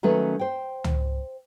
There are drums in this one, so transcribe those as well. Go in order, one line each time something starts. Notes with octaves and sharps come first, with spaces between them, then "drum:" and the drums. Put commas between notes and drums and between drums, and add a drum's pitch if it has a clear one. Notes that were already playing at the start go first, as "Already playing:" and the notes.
D#3 F#3 A3 C#4 B4
C5 G5
drum: tom C#2